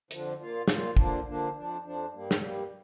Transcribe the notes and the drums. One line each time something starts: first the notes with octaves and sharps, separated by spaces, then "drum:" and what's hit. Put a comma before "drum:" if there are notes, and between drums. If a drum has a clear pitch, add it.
F2 D3 F3, drum: hi-hat
A#2 A#3 F4
A#2 A#3 F4, drum: snare
D3 F3 A#3 D4, drum: kick
D3 F3 A#3 D4
F2 F3 D4
F2 F3 D4
G2 G3 A#3
drum: snare
G2 G3 A#3